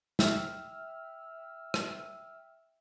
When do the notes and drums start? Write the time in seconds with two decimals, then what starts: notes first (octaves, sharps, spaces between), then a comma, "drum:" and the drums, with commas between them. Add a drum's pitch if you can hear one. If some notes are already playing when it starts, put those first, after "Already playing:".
0.19 E5 G5 E6 F6, drum: snare
1.74 drum: rim click